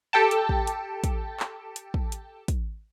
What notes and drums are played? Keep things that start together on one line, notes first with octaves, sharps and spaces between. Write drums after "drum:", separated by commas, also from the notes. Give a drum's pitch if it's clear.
G4 A4 G5 A5
drum: hi-hat
drum: kick
drum: hi-hat
drum: kick, hi-hat
drum: clap
drum: hi-hat
drum: kick
drum: hi-hat
drum: kick, hi-hat